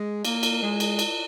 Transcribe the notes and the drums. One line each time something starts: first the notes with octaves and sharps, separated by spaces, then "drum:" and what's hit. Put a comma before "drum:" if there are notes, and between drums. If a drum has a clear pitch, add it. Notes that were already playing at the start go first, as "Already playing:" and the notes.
Already playing: G#3
A#3, drum: cymbal
drum: cymbal
G#3
drum: cymbal
drum: cymbal